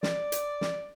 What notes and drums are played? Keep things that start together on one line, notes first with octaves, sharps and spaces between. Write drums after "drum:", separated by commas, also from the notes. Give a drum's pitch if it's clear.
D5, drum: snare
drum: hi-hat
drum: snare